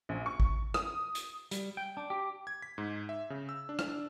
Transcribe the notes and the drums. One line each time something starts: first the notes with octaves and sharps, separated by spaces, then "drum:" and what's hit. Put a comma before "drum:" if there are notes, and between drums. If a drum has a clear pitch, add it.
A#1
C#6
drum: kick G#1
D#6, drum: rim click
drum: hi-hat
G3, drum: hi-hat
G5
D4
G4
G#6
B6
G#2
E5
C#3
E6
D4
drum: rim click
D4